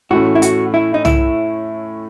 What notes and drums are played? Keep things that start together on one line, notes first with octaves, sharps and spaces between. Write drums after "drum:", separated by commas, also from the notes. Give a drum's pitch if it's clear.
A2 E3 A3 C#4 F#4
E4
F#4, drum: hi-hat
E4
D#4
E4, drum: tom